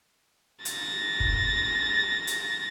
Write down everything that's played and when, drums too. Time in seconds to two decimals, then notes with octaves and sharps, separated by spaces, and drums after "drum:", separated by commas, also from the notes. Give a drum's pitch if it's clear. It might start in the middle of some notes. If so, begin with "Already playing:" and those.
0.65 A6 A#6, drum: hi-hat
1.20 drum: kick
2.27 drum: hi-hat